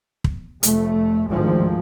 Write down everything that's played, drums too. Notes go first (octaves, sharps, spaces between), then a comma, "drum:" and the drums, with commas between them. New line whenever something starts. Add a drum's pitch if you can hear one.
drum: kick
F1 F2 A3, drum: hi-hat
D2 G#2 D#3 F3 G#3